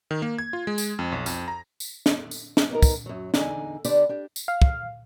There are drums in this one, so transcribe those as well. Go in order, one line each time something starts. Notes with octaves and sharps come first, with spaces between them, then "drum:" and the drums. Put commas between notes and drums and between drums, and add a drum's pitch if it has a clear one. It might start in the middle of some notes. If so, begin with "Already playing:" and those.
D#3
A#3
G#6
F4
G#3
drum: tambourine
F2
B1
F2, drum: tambourine
A#5
drum: tambourine
drum: snare
drum: tambourine
drum: snare
B3 D#4 A#4
drum: kick, tambourine
F#2 F#3
E2 D3 D#4 G#5, drum: snare
D3 B3 D4 G4 D5, drum: tambourine
D4 G4
drum: tambourine
F5
drum: kick